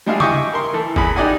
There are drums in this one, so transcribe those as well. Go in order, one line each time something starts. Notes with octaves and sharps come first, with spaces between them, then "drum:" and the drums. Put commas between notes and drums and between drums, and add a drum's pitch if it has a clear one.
G3 G#3 D4 E4 G#4 F5
D#5 E5 G5 G#5 C#6 D6, drum: tom C#3
A#4 C6
E3 A4
E2 G#4 B5, drum: kick
D#4 G4 D5 D#5 F#5 G#5